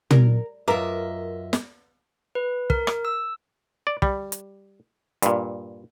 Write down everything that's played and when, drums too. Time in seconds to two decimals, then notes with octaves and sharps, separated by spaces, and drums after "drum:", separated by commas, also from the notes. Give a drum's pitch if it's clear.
0.11 A#4 D5, drum: tom
0.68 F#2 F4 A#4 B4 D#5 E5 A#5 D6
1.53 drum: snare
2.35 B4
2.70 A#4, drum: kick
2.87 drum: rim click
3.05 E6
3.87 D5
4.02 G3, drum: kick
4.32 drum: hi-hat
5.22 G2 A#2, drum: hi-hat